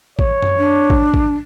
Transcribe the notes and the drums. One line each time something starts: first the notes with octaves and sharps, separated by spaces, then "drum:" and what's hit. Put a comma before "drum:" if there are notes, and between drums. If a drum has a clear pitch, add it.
C#5, drum: kick A1
drum: tom F#2
D4
drum: kick A1
drum: kick A1